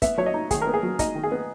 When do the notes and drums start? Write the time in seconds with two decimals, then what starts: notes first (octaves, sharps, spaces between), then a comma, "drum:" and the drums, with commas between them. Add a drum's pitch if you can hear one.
0.02 B3 E5, drum: kick, hi-hat
0.18 F#3 C#5
0.26 D#5
0.34 D#4
0.51 D#3 G#4, drum: kick, hi-hat
0.62 A#4
0.67 B3
0.74 G#4
0.83 F#3
0.99 D#4 D#5, drum: kick, hi-hat
1.15 D#3
1.23 G#4
1.32 B3